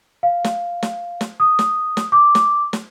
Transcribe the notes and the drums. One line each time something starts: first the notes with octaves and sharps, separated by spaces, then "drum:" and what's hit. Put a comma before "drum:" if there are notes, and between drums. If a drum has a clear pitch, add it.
F5
drum: snare
drum: snare
drum: snare
D#6
drum: snare
drum: snare
D6
drum: snare
drum: snare